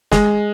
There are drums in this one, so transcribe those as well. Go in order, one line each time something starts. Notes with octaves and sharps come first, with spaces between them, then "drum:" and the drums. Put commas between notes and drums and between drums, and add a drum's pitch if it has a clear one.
G#3, drum: snare